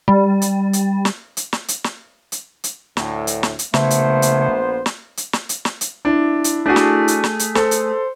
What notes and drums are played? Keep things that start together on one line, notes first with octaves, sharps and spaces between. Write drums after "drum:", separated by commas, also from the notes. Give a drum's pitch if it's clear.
G3
drum: hi-hat
drum: hi-hat
drum: snare
drum: hi-hat
drum: snare
drum: hi-hat
drum: snare
drum: hi-hat
drum: hi-hat
D2 A2, drum: snare
drum: hi-hat
drum: snare
drum: hi-hat
A#1 C#3 A3 B3 C5, drum: snare
drum: hi-hat
drum: hi-hat
drum: snare
drum: hi-hat
drum: snare
drum: hi-hat
drum: snare
drum: hi-hat
D4 E4
drum: hi-hat
A3 D4 F#4 G#4
drum: snare
drum: hi-hat
drum: snare
drum: hi-hat
A4 C5, drum: snare
drum: hi-hat